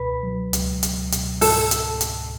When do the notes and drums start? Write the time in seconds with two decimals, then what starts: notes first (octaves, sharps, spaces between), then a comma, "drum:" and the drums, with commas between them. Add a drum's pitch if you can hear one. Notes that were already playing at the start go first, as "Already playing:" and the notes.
Already playing: C#2 B2 B4
0.23 F#3
0.53 C#2, drum: hi-hat
0.83 C#2, drum: hi-hat
1.12 B2, drum: hi-hat
1.41 G#2 A4, drum: open hi-hat
1.71 drum: hi-hat
2.01 drum: hi-hat